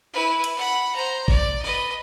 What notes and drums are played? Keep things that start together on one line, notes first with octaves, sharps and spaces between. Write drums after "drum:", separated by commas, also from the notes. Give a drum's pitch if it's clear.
E4 B4
drum: cymbal
F#5 B5
C5 A#5
D5, drum: kick G#1
B4 D#5